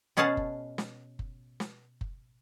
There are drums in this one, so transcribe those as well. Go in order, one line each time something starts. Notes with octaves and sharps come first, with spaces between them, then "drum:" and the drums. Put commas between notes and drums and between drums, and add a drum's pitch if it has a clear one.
B2 C#4 G#4 F5 F#5 A5
drum: kick F#1
drum: snare
drum: kick F#1
drum: snare
drum: kick F#1